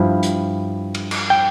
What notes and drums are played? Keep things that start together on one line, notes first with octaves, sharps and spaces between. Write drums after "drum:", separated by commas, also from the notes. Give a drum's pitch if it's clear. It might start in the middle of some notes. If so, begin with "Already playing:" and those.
Already playing: G2 F3 E4
drum: hi-hat
drum: cymbal
drum: cymbal
G5